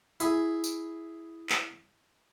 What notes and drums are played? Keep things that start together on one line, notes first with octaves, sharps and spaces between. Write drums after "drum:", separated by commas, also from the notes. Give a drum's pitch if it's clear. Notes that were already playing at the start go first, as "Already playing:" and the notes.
E4 G#4, drum: hi-hat
drum: tambourine
drum: clap